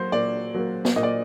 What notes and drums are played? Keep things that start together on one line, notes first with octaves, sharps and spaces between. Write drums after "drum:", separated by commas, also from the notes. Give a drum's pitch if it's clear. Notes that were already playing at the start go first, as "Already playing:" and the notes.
Already playing: F#3 A#3 C5
A#2 D5
F#3 A#3
drum: snare B3
A#2 D#5
D5